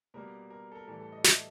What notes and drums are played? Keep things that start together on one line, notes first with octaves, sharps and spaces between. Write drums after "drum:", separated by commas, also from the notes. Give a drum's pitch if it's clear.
B2 G3 A#3 A#4
A#4
A4
A#4
A2 E3 G3 A4
A4
D#5
E5, drum: snare